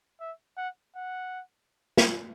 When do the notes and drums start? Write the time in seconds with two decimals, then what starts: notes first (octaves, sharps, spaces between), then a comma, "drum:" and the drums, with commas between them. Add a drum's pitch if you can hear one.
0.20 E5
0.57 F#5
0.96 F#5
1.97 drum: snare